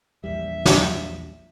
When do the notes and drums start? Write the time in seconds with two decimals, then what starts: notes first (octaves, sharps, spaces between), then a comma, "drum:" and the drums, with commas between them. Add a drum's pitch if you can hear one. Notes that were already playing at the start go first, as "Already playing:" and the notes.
0.24 A#1 E2 G3 E5
0.66 drum: snare